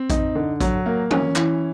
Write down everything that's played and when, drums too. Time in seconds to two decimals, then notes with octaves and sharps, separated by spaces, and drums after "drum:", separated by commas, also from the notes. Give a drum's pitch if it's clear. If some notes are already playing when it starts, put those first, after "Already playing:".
Already playing: C4
0.10 D#4, drum: kick A#1, hi-hat
0.35 D3
0.61 F#3, drum: kick A#1, hi-hat
0.86 A#3
1.11 C#4, drum: tom E3
1.36 E3, drum: clap